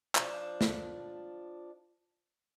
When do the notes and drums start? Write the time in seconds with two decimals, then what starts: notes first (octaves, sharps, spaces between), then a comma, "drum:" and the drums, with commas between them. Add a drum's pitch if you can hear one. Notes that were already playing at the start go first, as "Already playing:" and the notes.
0.15 F3 D4, drum: clap
0.61 drum: snare